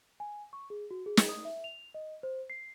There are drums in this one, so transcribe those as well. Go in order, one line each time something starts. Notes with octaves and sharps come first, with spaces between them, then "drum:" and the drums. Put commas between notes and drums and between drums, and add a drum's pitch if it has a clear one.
G#5
C#6
G#4
F#4
G#4
drum: snare
D#6
E5
F7
D#5
C5
C7